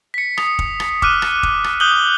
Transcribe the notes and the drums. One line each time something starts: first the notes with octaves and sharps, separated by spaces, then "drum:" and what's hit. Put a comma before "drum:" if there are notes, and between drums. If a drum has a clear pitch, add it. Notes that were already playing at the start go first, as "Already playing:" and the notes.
B6 C#7
D#6, drum: rim click
drum: kick F1
drum: rim click
D6 F6 F#6 D#7, drum: kick F1
drum: rim click
drum: kick F1
drum: rim click
D#6 F#6 G6 F#7 G7